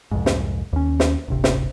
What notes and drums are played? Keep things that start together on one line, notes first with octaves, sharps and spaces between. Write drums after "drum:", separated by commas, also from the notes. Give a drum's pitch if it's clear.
C2 F2 G#2
drum: snare
D#2 C#4
drum: snare
D1 G1 C3
drum: snare